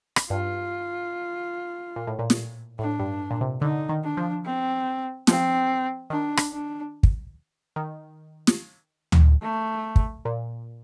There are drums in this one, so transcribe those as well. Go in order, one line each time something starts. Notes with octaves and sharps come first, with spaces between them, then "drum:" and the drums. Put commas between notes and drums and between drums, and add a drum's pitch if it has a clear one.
drum: rim click
G2 F4
A#2
A2
A#2
drum: snare
A2 D4
G2
A#2
C3
D3 D#4
D#3
D4
F3
C4
F3 C4, drum: snare
D#3 D4
drum: rim click
D4
drum: kick
D#3
drum: snare
drum: tom D2
A3
drum: kick
A#2